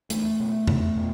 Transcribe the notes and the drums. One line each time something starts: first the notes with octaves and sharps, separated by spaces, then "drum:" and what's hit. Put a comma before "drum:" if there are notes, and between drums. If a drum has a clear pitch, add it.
E2 A3, drum: hi-hat
B2
E2, drum: tom E2
B2